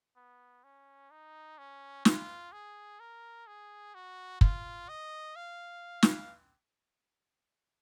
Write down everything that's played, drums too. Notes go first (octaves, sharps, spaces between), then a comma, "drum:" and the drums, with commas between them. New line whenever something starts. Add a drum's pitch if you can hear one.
B3
C#4
D#4
C#4
F4, drum: snare
G#4
A#4
G#4
F#4
F4, drum: kick
D#5
F5
drum: snare